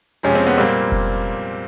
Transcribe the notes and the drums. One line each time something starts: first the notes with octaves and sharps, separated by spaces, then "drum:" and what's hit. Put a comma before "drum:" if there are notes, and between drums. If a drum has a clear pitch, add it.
F2 C3 F3 G#3 C#4
C4
B3
A#2 G3 A#3 C4
drum: kick F1